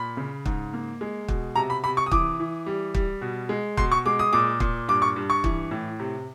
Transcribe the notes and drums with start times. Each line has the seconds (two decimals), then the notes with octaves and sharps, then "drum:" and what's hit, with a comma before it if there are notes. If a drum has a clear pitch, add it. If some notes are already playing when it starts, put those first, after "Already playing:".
Already playing: A#2 B5
0.17 C#3
0.46 G#2, drum: kick
0.73 A#3
1.01 G#3
1.28 B2, drum: kick
1.56 C3 A#5
1.70 B5
1.84 C3 B5
1.97 C#6
2.06 D#6
2.11 E3 D6, drum: kick
2.40 E3
2.66 G3
2.95 G3, drum: kick
3.22 B2
3.49 G#3
3.77 B2 C6, drum: kick
3.92 C#6
4.06 G#3 D6
4.19 D#6
4.33 A#2 D6
4.60 A#2, drum: kick
4.88 G2 D6
5.02 C#6
5.16 G2
5.30 C#6
5.44 E3, drum: kick
5.71 A2
6.00 C3